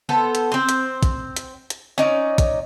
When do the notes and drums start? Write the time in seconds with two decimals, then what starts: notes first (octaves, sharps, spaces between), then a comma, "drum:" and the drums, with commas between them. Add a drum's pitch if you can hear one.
0.09 B3 A4 C5
0.35 drum: hi-hat
0.52 C4 C5
0.69 drum: hi-hat
1.03 drum: kick, hi-hat
1.36 drum: hi-hat
1.70 drum: hi-hat
1.98 C#4 D#4 D5
2.38 drum: kick, hi-hat